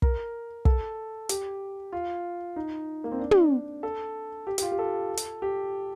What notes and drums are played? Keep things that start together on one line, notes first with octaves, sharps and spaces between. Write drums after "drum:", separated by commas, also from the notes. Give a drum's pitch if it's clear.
A#4, drum: kick
A4, drum: kick
G4, drum: hi-hat
F4
D#4
A#3
C4
D4
drum: tom
A4
G4
G4, drum: hi-hat
F4
G4
A4
drum: hi-hat
G4